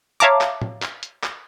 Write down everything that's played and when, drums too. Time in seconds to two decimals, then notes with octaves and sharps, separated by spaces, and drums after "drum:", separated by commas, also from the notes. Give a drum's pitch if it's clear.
0.20 C#5 E5 F5 A5 A#5 D6
0.41 drum: clap
0.62 drum: tom
0.82 drum: clap
1.03 drum: hi-hat
1.23 drum: clap